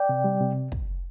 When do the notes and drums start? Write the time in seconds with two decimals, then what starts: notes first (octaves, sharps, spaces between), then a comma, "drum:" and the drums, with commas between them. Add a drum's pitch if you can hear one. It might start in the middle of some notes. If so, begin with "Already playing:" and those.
Already playing: D5 G5
0.09 C3
0.24 G3
0.41 C3
0.72 drum: kick